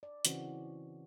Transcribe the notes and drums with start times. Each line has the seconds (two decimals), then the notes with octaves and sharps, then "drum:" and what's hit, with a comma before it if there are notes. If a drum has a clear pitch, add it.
0.03 D5
0.25 C#3 E3 C4 C#4 F#4, drum: hi-hat